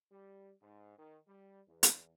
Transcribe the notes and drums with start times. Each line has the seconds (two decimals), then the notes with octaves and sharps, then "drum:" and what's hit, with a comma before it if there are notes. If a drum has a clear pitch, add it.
0.12 G3
0.62 G#2
0.98 D#3
1.28 G3
1.68 E2
1.83 drum: hi-hat